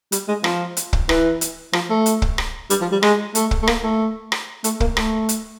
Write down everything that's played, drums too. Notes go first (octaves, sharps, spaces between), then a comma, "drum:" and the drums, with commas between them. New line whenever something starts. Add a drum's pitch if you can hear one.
G3, drum: hi-hat
G#3
F3, drum: rim click
drum: hi-hat
drum: kick
E3, drum: rim click
drum: hi-hat
F3, drum: rim click
A3
drum: hi-hat
drum: kick
drum: rim click
G3, drum: hi-hat
F3
G3
G#3, drum: rim click
A3, drum: hi-hat
drum: kick
A3
A#3, drum: rim click
A3
drum: rim click
A3, drum: hi-hat
A#3, drum: kick
A3, drum: rim click
drum: hi-hat